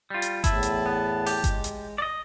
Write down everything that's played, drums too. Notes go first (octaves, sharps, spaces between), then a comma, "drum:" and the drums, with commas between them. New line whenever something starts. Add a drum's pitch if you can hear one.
G3 F4
drum: hi-hat
E2 A2 E4 A5, drum: kick G1, hi-hat
drum: hi-hat
B3
G4, drum: open hi-hat
G#3, drum: kick G1, hi-hat
drum: hi-hat
D5 D#5